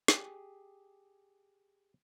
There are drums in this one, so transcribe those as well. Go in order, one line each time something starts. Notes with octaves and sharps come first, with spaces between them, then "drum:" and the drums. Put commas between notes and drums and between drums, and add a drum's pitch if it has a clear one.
G4 G#4, drum: snare